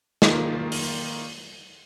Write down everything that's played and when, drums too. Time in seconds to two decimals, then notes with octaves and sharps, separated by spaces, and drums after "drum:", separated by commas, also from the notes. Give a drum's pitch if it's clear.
0.22 D#3 A#3 F4, drum: snare
0.72 drum: open hi-hat